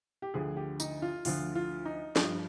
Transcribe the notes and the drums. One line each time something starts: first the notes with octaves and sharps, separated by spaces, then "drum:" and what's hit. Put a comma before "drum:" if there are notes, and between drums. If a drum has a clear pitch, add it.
G4
D2 D3 F3 G#4
G4
D#4, drum: tambourine
F4
D2 D3 F3 F4, drum: open hi-hat
F4
D#4
G2 F3 D#4, drum: snare